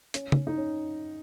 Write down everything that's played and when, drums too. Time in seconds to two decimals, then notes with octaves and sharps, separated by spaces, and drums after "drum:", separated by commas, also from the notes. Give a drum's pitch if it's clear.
0.14 C#4, drum: hi-hat
0.32 drum: tom
0.47 D#4
0.58 C#4